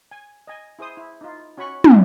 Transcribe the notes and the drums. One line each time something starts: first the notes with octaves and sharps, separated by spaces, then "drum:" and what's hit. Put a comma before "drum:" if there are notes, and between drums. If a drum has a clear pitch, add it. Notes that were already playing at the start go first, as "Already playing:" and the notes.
G#5
D#5 G#5
E4 G#4 C5 D#6
E4
D#4 F4
C#4 F#4 G#5 B5 C#6
drum: tom